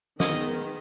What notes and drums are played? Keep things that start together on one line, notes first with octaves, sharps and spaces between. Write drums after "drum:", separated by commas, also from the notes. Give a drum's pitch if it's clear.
D#3 G#3 B3 D#5, drum: snare